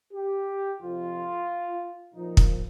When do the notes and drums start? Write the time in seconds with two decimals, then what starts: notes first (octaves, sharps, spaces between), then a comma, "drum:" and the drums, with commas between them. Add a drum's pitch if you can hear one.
0.13 G4
0.81 F2 C3 F3 F4
2.14 A#2 F3 D#4
2.37 drum: kick